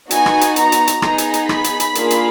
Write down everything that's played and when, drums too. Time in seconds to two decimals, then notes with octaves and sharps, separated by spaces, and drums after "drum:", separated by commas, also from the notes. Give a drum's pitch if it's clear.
0.11 B3 D#4 F#4 G#5, drum: hi-hat
0.26 drum: rim click
0.41 drum: hi-hat
0.56 A#5, drum: hi-hat
0.72 drum: hi-hat
0.87 drum: hi-hat
1.02 B3 D#4 G#4 A#5, drum: rim click
1.18 drum: hi-hat
1.34 drum: hi-hat
1.49 B5, drum: rim click
1.64 drum: hi-hat
1.80 drum: hi-hat
1.95 A#3 D4 F4 G#4, drum: hi-hat
2.10 drum: hi-hat